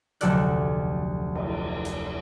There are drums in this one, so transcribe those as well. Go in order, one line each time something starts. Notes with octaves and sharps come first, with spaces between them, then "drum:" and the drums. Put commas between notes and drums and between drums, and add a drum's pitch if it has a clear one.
F1 D2 F#3 A4 D5 F#6, drum: hi-hat
drum: cymbal
drum: hi-hat